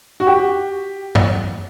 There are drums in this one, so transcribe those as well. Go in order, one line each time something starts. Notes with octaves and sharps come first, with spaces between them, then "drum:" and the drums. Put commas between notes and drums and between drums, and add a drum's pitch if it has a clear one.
F#4
G4
drum: tom G2